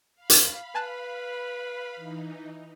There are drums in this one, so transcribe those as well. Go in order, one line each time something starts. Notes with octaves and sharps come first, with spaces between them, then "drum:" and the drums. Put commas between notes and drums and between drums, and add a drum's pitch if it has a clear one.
F5 B5
drum: hi-hat
B4 G#5 A5 F#6
E3 D#4